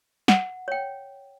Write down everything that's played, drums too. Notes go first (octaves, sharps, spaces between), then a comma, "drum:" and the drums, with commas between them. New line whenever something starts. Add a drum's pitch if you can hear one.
F#5, drum: snare
C#5 G5